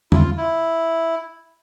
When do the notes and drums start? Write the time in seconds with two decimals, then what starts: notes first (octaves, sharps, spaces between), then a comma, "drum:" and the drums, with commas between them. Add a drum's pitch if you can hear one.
0.12 E4, drum: tom
0.15 F4
0.37 E4